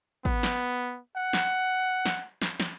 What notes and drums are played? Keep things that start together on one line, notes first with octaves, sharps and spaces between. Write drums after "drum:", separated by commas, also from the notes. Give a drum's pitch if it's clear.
B3, drum: kick G#1
drum: snare
F#5
drum: snare
drum: snare
drum: snare
drum: snare